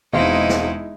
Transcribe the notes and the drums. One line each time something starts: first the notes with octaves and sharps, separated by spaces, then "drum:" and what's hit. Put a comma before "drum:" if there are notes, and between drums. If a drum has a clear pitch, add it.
E1 G#3 C4 D#4 E4 D#5 F5 C6
drum: snare